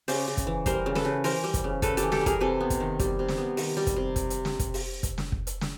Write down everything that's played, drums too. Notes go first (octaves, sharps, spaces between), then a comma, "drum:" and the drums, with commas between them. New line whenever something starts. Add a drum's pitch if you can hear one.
C#3 C5 D5, drum: open hi-hat
C#3
drum: kick, hi-hat
E3
G3 A#4 C5, drum: kick, hi-hat
C#3
A4 B4, drum: snare
C#3
E3 A#4 C5, drum: open hi-hat
G3
drum: kick, hi-hat
C#3
C#3 A4 B4, drum: kick, hi-hat
G4 A4, drum: hi-hat
E3
G4 A4, drum: snare
G3
G#4 A#4, drum: kick, hi-hat
C3 A4 B4
B3
drum: kick, hi-hat
D#3
G3, drum: kick, hi-hat
C3
drum: snare
B3
D#3, drum: open hi-hat
G3
drum: kick, hi-hat
C3
drum: kick, hi-hat
drum: hi-hat
drum: snare
drum: kick, hi-hat
drum: open hi-hat
drum: kick, hi-hat
drum: snare
drum: kick
drum: hi-hat
drum: snare